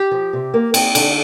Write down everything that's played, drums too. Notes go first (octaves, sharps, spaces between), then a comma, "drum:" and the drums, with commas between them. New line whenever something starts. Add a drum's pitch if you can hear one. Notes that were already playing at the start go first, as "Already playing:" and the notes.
Already playing: G4
F3
C3
A#3
C4, drum: cymbal
D3, drum: cymbal